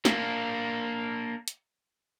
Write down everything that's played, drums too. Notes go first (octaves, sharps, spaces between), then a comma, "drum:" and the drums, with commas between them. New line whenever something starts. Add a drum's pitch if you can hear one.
A#3 D4, drum: snare
drum: hi-hat